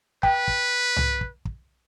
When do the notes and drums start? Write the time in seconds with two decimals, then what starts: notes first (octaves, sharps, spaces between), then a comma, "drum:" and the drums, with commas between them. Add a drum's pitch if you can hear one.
0.23 B4 G5, drum: kick
0.48 drum: kick
0.96 drum: tom C2
1.21 drum: kick
1.45 drum: kick